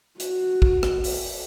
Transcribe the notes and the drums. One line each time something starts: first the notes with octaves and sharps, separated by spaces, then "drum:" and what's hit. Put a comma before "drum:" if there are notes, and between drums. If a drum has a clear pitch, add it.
F#4, drum: hi-hat
drum: kick
drum: rim click
drum: open hi-hat